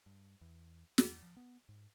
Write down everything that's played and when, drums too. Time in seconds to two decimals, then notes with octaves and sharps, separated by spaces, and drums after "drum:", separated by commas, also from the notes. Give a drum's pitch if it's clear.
0.06 G2
0.41 E2
0.98 E2, drum: snare
1.22 F3
1.37 B3
1.69 G#2